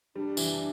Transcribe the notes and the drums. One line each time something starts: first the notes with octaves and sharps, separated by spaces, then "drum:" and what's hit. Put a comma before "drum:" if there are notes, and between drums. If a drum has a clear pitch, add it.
G3 D4
E3, drum: tambourine